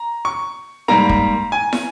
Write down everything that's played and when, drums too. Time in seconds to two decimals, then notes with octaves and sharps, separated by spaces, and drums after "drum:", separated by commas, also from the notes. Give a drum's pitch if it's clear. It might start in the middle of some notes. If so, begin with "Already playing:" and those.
Already playing: A#5
0.25 C#6
0.88 G#2 G3 A#3 A#5
1.09 drum: kick
1.52 G#5
1.73 drum: snare